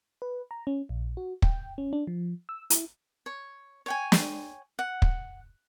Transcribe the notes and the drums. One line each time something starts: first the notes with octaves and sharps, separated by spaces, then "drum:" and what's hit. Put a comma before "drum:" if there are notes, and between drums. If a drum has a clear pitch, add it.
B4
A#5
C#4
A#1
F#4
G5, drum: kick
C#4
D4
F3
E6
E4, drum: hi-hat
C#5
C#5 G5 G#5
drum: snare
F#5
drum: kick